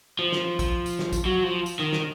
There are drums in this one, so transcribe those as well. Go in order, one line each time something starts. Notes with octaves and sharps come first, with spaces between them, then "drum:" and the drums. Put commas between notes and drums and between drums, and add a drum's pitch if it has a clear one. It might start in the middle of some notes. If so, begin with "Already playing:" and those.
F3
drum: snare
drum: kick A#1, tambourine
drum: tambourine
drum: snare
drum: kick A#1, tambourine
F#3
F3
drum: tambourine
D#3
drum: snare